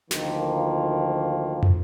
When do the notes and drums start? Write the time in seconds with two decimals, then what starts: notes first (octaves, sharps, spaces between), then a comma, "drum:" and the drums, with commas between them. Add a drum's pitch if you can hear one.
0.11 D2 D#3 F3 A#3, drum: snare
1.63 drum: tom